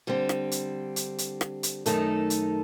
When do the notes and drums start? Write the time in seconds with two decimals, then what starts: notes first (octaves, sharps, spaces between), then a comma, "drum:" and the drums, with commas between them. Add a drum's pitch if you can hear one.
0.07 D3 G3 C4
0.29 drum: rim click
0.52 drum: hi-hat
0.96 drum: hi-hat
1.18 drum: hi-hat
1.41 drum: rim click
1.63 drum: hi-hat
1.86 F#2 D#3 A3 D#4 A4, drum: hi-hat
2.30 drum: hi-hat